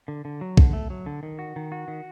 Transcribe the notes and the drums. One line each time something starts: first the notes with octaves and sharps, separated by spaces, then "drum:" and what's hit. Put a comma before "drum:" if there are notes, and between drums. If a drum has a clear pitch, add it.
D3
D3
F#3
D3, drum: kick B1
A3
F#3
D3
D#3
F#4
D#3
F#4
D#3